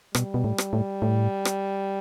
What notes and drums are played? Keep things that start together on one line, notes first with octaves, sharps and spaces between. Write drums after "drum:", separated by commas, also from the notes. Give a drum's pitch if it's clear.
B2 G3, drum: rim click
B2
A2
drum: rim click
A2
A2
drum: rim click